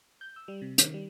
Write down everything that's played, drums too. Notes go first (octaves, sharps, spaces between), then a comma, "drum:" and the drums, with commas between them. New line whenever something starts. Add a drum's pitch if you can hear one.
G6
E6
G3
C3
D#3, drum: hi-hat
G3